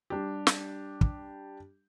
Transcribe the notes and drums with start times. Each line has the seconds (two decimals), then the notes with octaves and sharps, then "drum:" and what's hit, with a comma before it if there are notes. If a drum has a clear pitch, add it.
0.10 G3 D4 G4
0.47 drum: snare
1.01 drum: kick